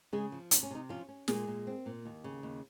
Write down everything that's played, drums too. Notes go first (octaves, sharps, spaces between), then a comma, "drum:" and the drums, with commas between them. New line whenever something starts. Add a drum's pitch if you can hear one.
C#3 G#3 G#4
F3
C3 D#4, drum: hi-hat
C#4
C3 D#4
F3 C#4 F4
C#4
A#2 G#3 G#4, drum: snare
A#2
C4
A#2
D#2
C#3
D#2